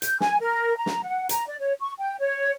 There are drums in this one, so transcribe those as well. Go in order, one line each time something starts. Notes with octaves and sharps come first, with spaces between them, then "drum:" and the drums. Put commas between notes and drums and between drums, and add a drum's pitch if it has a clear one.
G6, drum: hi-hat
G#5, drum: snare
A#4
A#5
drum: snare
F#5
A#5, drum: hi-hat
D5
C#5
C#6
G5
C#5